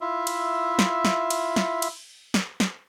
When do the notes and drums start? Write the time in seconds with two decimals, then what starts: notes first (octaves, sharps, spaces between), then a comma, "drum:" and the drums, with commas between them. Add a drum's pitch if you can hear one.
0.01 E4 F4 E5
0.27 drum: cymbal
0.79 drum: snare
1.05 drum: snare
1.30 drum: cymbal
1.56 drum: snare
1.82 drum: cymbal
2.34 drum: snare
2.60 drum: snare